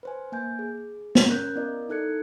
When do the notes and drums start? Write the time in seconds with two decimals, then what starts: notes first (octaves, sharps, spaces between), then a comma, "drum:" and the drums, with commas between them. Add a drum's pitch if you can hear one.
0.03 B4 C5 G#5
0.32 A#3 G#5 G6
0.59 G#4
1.15 drum: snare
1.27 C#4 A#4 F#6 G6
1.55 B3 E4 A#4 D5 D#5
1.89 D#4 E4 A4 F#6 G#6 C#7